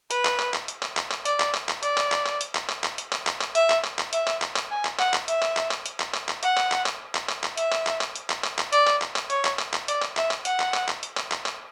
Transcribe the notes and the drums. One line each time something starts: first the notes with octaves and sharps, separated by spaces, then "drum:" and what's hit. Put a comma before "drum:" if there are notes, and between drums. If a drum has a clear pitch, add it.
B4, drum: hi-hat
drum: clap
drum: clap
drum: clap
drum: hi-hat
drum: clap
drum: clap
drum: clap
D5, drum: hi-hat
drum: clap
drum: clap
drum: clap
D5, drum: hi-hat
drum: clap
drum: clap
drum: clap
drum: hi-hat
drum: clap
drum: clap
drum: clap
drum: hi-hat
drum: clap
drum: clap
drum: clap
E5, drum: hi-hat
drum: clap
drum: clap
drum: clap
E5, drum: hi-hat
drum: clap
drum: clap
drum: clap
G#5
drum: clap
F#5, drum: clap
drum: clap
E5, drum: hi-hat
drum: clap
drum: clap
drum: clap
drum: hi-hat
drum: clap
drum: clap
drum: clap
F#5, drum: hi-hat
drum: clap
drum: clap
drum: clap
drum: clap
drum: clap
drum: clap
E5, drum: hi-hat
drum: clap
drum: clap
drum: clap
drum: hi-hat
drum: clap
drum: clap
drum: clap
D5, drum: hi-hat
drum: clap
drum: clap
drum: clap
C#5, drum: hi-hat
drum: clap
drum: clap
drum: clap
D5, drum: hi-hat
drum: clap
E5, drum: clap
drum: clap
F#5, drum: hi-hat
drum: clap
drum: clap
drum: clap
drum: hi-hat
drum: clap
drum: clap
drum: clap